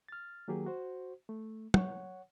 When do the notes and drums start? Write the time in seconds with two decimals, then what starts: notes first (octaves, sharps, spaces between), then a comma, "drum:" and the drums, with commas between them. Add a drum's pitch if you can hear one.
0.08 F6 A6
0.48 D#3 F#3 A#3 G4 G#4
0.66 F#4 C5
1.29 A3
1.74 C#5 F#5, drum: tom